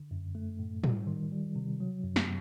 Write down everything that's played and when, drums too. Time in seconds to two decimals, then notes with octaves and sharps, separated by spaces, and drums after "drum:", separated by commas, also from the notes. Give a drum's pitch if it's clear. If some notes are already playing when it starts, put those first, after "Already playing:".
Already playing: D3
0.11 F#2
0.35 A3
0.59 A2
0.84 G3, drum: tom
1.07 D#3
1.32 G3
1.56 C3
1.80 F#3
2.04 F#2
2.16 drum: snare